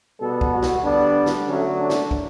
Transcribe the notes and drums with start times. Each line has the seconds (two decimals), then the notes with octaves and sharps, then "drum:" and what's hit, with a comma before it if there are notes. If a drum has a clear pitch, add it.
0.19 B2 G3 B3 A4
0.41 drum: kick
0.52 F#4
0.62 drum: snare
0.83 D3 G3 B3 D4
1.26 drum: snare
1.48 D3 F#3 A3 C#4
1.79 D4
1.90 drum: snare
2.11 drum: kick